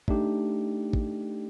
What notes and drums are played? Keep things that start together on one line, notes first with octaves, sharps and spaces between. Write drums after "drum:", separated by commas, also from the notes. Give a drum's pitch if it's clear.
A3 D4 D#4 G4, drum: kick
drum: kick